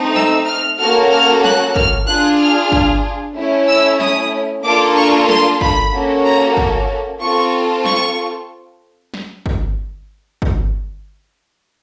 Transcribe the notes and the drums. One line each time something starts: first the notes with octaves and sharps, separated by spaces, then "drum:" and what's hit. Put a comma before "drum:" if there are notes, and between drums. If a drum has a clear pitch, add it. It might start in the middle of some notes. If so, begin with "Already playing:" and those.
Already playing: A3 C4 D#4
E6, drum: snare
F6
A#3 C#4 F#4 A4 F6
F6
F#6, drum: snare
F6, drum: kick
D4 F4 G#4 F#6
F6
drum: kick
A3 C#4 E4
E6
D#6, drum: snare
A#3 D4 F4 A4 D6
C#6
C6, drum: snare
B5, drum: kick
A#3 C#4 F#4 A4
A#5
drum: kick
C4 F4 A4 C#6
C#6, drum: snare
drum: snare
drum: kick
drum: kick